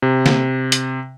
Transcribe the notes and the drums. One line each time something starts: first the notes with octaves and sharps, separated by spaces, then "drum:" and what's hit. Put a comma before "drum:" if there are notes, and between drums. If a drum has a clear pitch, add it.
C3
drum: snare
drum: hi-hat